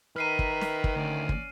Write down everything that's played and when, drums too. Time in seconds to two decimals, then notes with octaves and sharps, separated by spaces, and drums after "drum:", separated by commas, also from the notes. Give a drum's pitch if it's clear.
0.16 D#3 B4 E5 A#5 F6 C7 D#7
0.39 drum: kick
0.61 drum: snare
0.84 drum: kick
0.96 D2 C#4 D5
1.29 drum: kick